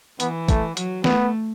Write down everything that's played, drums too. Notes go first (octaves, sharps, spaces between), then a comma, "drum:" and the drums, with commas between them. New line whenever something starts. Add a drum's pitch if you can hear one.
E3 B3, drum: hi-hat
A3, drum: kick, hi-hat
F#3, drum: hi-hat
A3 B3, drum: snare